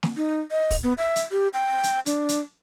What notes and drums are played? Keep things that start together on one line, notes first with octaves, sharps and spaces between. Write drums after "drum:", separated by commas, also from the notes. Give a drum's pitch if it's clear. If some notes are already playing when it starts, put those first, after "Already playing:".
drum: snare
D#4
D#5
drum: kick, open hi-hat
B3
E5
drum: hi-hat
G4
G5
drum: hi-hat
D4, drum: hi-hat
drum: hi-hat